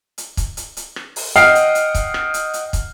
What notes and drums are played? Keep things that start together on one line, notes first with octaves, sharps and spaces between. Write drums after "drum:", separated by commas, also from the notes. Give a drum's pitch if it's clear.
drum: hi-hat
drum: kick, hi-hat
drum: hi-hat
drum: hi-hat
drum: rim click
drum: open hi-hat
D#5 F#5 G5 D#6 F6 C7, drum: hi-hat
drum: hi-hat
drum: hi-hat
drum: kick, hi-hat
drum: rim click
drum: hi-hat
drum: hi-hat
drum: kick, hi-hat